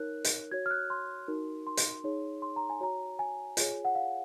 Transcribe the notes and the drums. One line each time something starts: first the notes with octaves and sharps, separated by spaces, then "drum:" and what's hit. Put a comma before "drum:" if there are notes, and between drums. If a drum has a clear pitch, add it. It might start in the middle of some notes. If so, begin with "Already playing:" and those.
Already playing: D#4 A#4 C#5 F#6
drum: hi-hat
F#4 C#5 G#6
F6
F#6
C6
D#4 F#4 A#4
C6
drum: hi-hat
D#4 G#4 C#5
C6
A#5
G#5
F#4 C#5 A#5
G#5
F4 G#4 C#5, drum: hi-hat
F#5
F5